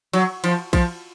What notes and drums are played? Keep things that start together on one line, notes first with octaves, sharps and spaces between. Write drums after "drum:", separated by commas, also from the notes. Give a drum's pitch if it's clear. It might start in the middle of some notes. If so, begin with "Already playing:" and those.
F#3, drum: cymbal
F3, drum: cymbal
F3, drum: kick A#1, cymbal